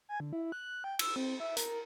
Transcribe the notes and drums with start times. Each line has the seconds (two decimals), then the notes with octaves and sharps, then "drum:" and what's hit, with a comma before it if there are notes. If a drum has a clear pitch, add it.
0.09 G#5
0.20 D3
0.33 E4
0.52 F#6
0.84 G5
0.99 E6, drum: cymbal
1.16 C4
1.40 E5
1.57 A#4, drum: hi-hat